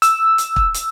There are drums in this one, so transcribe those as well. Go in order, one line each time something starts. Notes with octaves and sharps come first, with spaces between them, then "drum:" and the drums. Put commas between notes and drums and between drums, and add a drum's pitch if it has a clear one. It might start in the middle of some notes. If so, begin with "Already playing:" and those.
E6, drum: hi-hat
drum: hi-hat
drum: kick
drum: hi-hat